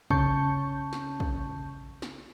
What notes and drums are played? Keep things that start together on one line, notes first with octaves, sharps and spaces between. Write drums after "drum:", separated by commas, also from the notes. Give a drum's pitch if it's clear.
C#3 C#4 A5 C#6 G6, drum: kick
drum: snare
drum: kick
drum: snare